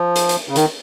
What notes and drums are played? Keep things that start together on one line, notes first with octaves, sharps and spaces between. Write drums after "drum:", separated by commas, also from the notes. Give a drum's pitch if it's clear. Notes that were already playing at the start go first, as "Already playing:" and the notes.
Already playing: F3
drum: hi-hat
drum: hi-hat
C#3
D#3, drum: hi-hat